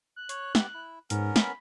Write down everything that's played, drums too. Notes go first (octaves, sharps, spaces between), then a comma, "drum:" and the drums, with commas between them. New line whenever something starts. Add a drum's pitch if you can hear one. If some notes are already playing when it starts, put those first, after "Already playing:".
F#6
C#5, drum: hi-hat
B3 G4, drum: snare
E4
G#2 B3 C#4 A#4, drum: hi-hat
B5, drum: snare